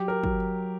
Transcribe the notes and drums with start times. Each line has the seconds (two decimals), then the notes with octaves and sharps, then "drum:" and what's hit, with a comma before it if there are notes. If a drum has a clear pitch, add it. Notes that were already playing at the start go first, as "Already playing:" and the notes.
Already playing: F#3 G4
0.08 A#4
0.24 F#3, drum: kick